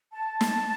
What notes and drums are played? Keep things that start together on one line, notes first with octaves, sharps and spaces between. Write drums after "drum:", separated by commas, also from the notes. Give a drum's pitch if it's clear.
A5
drum: snare